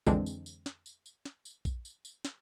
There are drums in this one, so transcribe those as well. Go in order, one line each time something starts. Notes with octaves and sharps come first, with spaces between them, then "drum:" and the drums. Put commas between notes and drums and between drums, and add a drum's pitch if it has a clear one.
F2 D3 E3 G#3 C4 D4, drum: kick A#1, tambourine
drum: tambourine
drum: tambourine
drum: snare
drum: tambourine
drum: tambourine
drum: snare
drum: tambourine
drum: kick A#1, tambourine
drum: tambourine
drum: tambourine
drum: snare